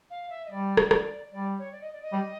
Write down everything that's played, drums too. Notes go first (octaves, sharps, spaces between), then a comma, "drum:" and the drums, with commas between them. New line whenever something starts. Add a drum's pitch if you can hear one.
F5
E5
D#5
G3 D5
drum: rim click
drum: rim click
G3 D5
C#5
D5
D#5
D5
D#5
G3